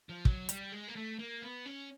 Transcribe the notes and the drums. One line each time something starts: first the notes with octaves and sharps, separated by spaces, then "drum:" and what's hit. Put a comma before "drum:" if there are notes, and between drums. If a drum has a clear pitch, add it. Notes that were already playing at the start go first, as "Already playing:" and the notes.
F3
F#3, drum: kick
G3, drum: hi-hat
G#3
A#3
A3
A#3
B3
C#4